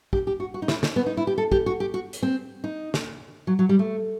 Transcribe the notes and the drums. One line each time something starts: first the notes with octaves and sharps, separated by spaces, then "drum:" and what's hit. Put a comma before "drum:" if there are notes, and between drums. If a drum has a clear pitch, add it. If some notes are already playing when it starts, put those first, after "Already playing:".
G4, drum: kick
G4
F#4
F#4
D#4
E4, drum: snare
D#4, drum: snare
B3
D#4
E4
G4
A4
G4, drum: kick
F#4
G4
F#4
drum: hi-hat
C4
D#4
drum: snare
F#3
F#3
G3
A3